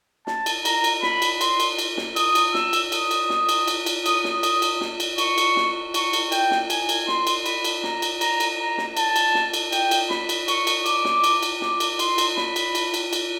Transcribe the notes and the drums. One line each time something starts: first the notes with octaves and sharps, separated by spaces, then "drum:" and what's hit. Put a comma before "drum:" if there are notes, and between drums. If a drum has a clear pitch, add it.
A5, drum: snare
drum: cymbal
A#5, drum: cymbal
drum: cymbal
B5, drum: snare
drum: cymbal
C6, drum: cymbal
drum: cymbal
drum: cymbal
drum: snare
D#6, drum: cymbal
drum: cymbal
E6, drum: snare
drum: cymbal
D#6, drum: cymbal
drum: cymbal
drum: snare
drum: cymbal
drum: cymbal
drum: cymbal
D#6, drum: cymbal
drum: snare
D#6, drum: cymbal
drum: cymbal
drum: snare
drum: cymbal
C#6, drum: cymbal
drum: cymbal
drum: snare
C#6, drum: cymbal
drum: cymbal
G5, drum: cymbal
drum: snare
G#5, drum: cymbal
drum: cymbal
C6, drum: snare
drum: cymbal
B5, drum: cymbal
drum: cymbal
A#5, drum: snare
drum: cymbal
A#5, drum: cymbal
drum: cymbal
A#5
drum: snare
A5, drum: cymbal
drum: cymbal
drum: snare
drum: cymbal
G5, drum: cymbal
drum: cymbal
B5, drum: snare
drum: cymbal
C#6, drum: cymbal
drum: cymbal
D6, drum: cymbal
drum: snare
drum: cymbal
drum: cymbal
D6, drum: snare
drum: cymbal
C6, drum: cymbal
drum: cymbal
B5, drum: snare
drum: cymbal
drum: cymbal
drum: cymbal
drum: cymbal